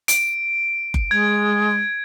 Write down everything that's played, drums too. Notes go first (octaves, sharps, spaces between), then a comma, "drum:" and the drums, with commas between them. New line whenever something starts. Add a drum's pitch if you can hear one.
D7, drum: hi-hat
drum: kick F#1
G#3 G#6